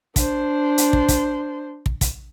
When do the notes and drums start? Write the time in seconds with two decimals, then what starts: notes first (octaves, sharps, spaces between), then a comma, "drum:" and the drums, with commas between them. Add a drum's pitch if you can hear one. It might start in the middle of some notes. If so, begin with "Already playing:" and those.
0.16 D4 C5, drum: kick, hi-hat
0.78 drum: hi-hat
0.93 drum: kick
1.09 drum: kick, hi-hat
1.86 drum: kick
2.01 drum: kick, hi-hat